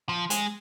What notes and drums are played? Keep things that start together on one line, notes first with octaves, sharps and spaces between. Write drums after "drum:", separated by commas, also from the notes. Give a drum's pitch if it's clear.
F3
G#3, drum: hi-hat